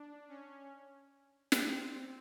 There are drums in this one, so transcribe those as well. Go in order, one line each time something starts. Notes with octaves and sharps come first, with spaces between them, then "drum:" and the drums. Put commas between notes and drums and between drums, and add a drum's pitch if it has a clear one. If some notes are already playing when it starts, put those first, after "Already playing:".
Already playing: D4
C#4
drum: snare
C4